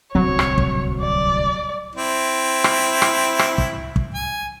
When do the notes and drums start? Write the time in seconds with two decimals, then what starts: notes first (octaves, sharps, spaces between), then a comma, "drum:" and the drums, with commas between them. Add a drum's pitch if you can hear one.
0.15 D1 C2 F#3 C4 C#5
0.39 drum: rim click
0.58 drum: kick
1.01 D5
1.95 C4 E4
2.64 drum: rim click
3.02 drum: rim click
3.39 drum: rim click
3.58 drum: kick
3.96 drum: kick
4.15 G#5